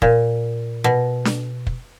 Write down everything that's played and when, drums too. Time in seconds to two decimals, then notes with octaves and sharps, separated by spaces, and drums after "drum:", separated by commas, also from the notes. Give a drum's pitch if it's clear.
0.02 A#2, drum: kick
0.84 B2
1.25 drum: snare D4
1.67 drum: kick